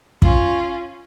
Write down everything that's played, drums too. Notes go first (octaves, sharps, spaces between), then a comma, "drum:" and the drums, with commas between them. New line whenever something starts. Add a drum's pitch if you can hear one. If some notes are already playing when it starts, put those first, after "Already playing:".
C#4 F4, drum: kick